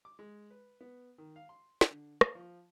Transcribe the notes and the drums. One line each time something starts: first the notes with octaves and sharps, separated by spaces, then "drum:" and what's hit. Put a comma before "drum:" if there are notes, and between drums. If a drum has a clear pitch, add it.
D6
G#3
B4
B3
D#3
F5
C6
drum: snare
D3
A#3, drum: rim click
F3